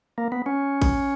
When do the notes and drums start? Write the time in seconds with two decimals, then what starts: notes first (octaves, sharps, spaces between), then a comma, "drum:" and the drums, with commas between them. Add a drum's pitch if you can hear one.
0.18 A#3
0.32 B3
0.46 C#4
0.82 drum: kick A1, cymbal